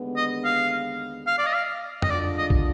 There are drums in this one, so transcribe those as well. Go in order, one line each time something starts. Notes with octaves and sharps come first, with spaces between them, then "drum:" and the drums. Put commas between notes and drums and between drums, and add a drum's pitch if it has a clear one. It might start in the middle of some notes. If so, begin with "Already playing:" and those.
Already playing: D#2 D3 G#3 B3
D#5
F5
F5
D5
D#5
F5
D#5, drum: tom F2
D3 G#3 D4 F4 D5
D#5
drum: kick